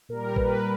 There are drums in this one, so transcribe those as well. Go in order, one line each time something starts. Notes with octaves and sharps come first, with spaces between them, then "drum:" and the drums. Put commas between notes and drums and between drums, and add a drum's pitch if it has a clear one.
A#2 G3 A#4
B4, drum: kick